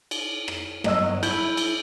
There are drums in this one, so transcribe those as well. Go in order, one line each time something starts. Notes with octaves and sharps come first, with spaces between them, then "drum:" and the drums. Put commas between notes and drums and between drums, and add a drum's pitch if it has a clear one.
drum: cymbal
drum: rim click
G1 F#3 D#5 E6, drum: rim click
E4 G6, drum: cymbal
drum: cymbal